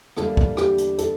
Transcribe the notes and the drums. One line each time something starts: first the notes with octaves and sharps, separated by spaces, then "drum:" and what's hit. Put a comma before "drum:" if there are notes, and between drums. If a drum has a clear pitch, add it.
E2 D3 G3 A#3 D4 A4, drum: rim click
drum: kick
G4, drum: rim click
drum: hi-hat
A4, drum: hi-hat